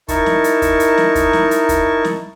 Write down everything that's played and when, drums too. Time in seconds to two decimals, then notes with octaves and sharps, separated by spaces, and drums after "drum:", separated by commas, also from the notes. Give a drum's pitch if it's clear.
0.08 D#4 E4 A#4 A5 C#6, drum: kick, hi-hat
0.26 drum: snare
0.44 drum: hi-hat
0.62 drum: kick, hi-hat
0.80 drum: hi-hat
0.98 drum: snare
1.15 drum: kick, hi-hat
1.33 drum: snare
1.51 drum: hi-hat
1.69 drum: kick, hi-hat
2.04 drum: snare